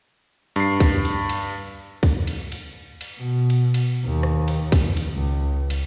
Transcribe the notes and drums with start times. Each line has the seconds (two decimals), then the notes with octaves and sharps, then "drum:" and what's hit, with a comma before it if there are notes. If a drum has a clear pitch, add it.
0.56 G2 C7, drum: cymbal
0.80 drum: kick, cymbal
1.05 drum: cymbal
1.29 drum: cymbal
2.03 drum: kick, cymbal
2.27 drum: cymbal
2.52 drum: cymbal
3.01 drum: cymbal
3.20 B2
3.50 drum: cymbal
3.74 drum: cymbal
4.06 D#2
4.23 drum: rim click
4.48 drum: cymbal
4.72 drum: kick, cymbal
4.97 drum: cymbal
5.12 C#2
5.70 drum: cymbal